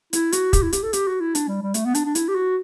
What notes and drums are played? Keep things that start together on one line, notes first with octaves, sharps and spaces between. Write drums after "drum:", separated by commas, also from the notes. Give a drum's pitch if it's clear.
E4, drum: hi-hat
F#4, drum: hi-hat
G4, drum: kick, hi-hat
E4
G4, drum: hi-hat
A4
G4, drum: hi-hat
F#4
E4
D4, drum: hi-hat
G3
G3
A3, drum: hi-hat
B3
D4, drum: hi-hat
D4
E4, drum: hi-hat
G4
F#4